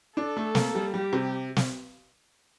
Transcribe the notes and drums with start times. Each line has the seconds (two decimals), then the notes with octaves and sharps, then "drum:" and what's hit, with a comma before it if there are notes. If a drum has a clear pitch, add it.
0.17 D4 A4
0.37 A3
0.55 A#3, drum: snare
0.75 G3
0.94 G3 G4
1.13 C3
1.56 drum: snare